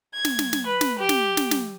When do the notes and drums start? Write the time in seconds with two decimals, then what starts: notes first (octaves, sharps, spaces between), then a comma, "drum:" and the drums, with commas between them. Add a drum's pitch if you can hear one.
0.15 G#6
0.25 drum: snare
0.39 drum: snare
0.53 drum: snare
0.67 B4
0.81 drum: snare
1.00 G4
1.09 drum: snare
1.37 drum: snare
1.51 drum: snare